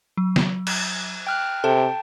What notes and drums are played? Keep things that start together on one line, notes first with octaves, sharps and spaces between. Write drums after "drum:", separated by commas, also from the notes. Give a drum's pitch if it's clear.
F#3
drum: snare
drum: cymbal
G5 F6 F#6
C3 A4 G5 A5